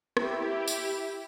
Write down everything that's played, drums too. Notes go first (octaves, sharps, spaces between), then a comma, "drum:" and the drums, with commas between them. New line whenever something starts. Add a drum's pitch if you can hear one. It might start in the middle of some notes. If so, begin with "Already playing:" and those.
E4 G4, drum: rim click
drum: tambourine